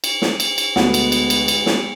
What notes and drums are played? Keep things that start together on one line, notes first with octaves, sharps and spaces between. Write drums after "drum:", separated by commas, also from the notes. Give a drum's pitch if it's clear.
drum: cymbal
drum: snare
drum: cymbal
drum: cymbal
D2 B2 G#3 B3 F#5, drum: snare
drum: cymbal
drum: cymbal
drum: cymbal
drum: cymbal
drum: snare